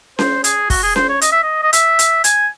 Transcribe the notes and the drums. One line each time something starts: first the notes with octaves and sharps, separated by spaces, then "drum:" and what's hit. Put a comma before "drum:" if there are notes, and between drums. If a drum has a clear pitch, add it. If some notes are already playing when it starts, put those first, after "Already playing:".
C5, drum: snare C#4
G#4, drum: hi-hat
F#4, drum: kick, open hi-hat
G#4
C5, drum: snare C#4
C#5
D#5, drum: hi-hat
E5
D#5
D#5
E5, drum: hi-hat
drum: hi-hat
G#5, drum: hi-hat